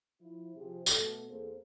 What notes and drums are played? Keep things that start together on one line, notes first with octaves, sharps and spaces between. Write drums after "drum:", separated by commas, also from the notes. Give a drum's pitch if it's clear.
F3 E4
C3 F3 G#4
B2 A3 A4, drum: tambourine
E2 A#3 C4 G#4 A4 C5